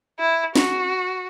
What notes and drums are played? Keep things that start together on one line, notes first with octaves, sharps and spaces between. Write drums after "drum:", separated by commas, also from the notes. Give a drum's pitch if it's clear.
E4
F#4, drum: snare